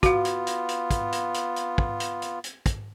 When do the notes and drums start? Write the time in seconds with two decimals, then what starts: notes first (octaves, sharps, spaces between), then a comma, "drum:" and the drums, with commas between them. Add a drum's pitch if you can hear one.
0.03 B3 F4 F#4 F5, drum: kick, hi-hat
0.25 drum: hi-hat
0.47 drum: hi-hat
0.69 drum: hi-hat
0.91 drum: kick, hi-hat
1.12 drum: hi-hat
1.34 drum: hi-hat
1.56 drum: hi-hat
1.78 drum: kick
2.00 drum: hi-hat
2.22 drum: hi-hat
2.44 drum: hi-hat
2.66 drum: kick, hi-hat